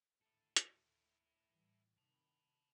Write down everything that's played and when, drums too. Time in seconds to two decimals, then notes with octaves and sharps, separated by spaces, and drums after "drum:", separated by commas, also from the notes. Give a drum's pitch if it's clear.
0.21 G#1 D2 E4 A4
0.57 drum: hi-hat
1.49 A2 E3 G3
1.98 G2 C3 D#3 A5 B5